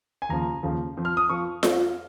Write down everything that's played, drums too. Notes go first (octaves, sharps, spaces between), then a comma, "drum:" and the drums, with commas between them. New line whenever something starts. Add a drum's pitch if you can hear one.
G#5
D#2 C#3 F3 A#5
D#2 C#3 F3
F2 F3
F6
D#6
F2 F3 C#6
F2 F3, drum: snare F4